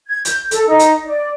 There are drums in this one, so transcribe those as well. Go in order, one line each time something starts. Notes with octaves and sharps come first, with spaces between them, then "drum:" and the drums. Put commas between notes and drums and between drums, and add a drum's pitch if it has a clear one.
G#6
G6, drum: hi-hat
A4, drum: hi-hat
D#4
drum: hi-hat
D5